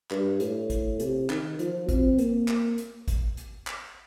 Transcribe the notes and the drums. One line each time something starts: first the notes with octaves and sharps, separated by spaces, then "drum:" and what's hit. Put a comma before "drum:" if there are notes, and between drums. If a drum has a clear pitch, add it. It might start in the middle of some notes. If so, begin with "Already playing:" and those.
G2, drum: clap
A2, drum: hi-hat
drum: kick, hi-hat
C3, drum: hi-hat
D#3, drum: clap
F3, drum: hi-hat
C4, drum: kick, hi-hat
A#3, drum: hi-hat
drum: clap
drum: hi-hat
drum: kick, hi-hat
drum: hi-hat
drum: clap